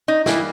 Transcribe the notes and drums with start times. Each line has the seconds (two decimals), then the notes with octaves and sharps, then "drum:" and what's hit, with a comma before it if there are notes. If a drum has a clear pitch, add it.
0.08 D#4
0.26 E3 G3 A#3 E4, drum: snare